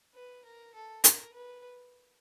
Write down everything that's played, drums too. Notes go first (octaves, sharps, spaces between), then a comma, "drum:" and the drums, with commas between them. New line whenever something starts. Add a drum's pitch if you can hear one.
B4
A#4
A4
A#4, drum: hi-hat
B4